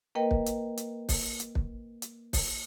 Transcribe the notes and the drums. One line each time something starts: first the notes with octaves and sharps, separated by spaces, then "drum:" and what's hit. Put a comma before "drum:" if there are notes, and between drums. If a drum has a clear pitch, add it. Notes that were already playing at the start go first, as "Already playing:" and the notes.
A#3 A#4 B4 D#5 G5
drum: kick
drum: hi-hat
drum: hi-hat
drum: kick, open hi-hat
drum: hi-hat
drum: kick
drum: hi-hat
drum: kick, open hi-hat